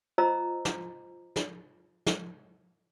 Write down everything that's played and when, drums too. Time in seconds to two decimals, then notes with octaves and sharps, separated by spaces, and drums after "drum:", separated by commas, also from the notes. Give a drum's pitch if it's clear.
0.18 F4 C5 D#5 A#5 E6
0.65 drum: snare
1.36 drum: snare
2.06 drum: snare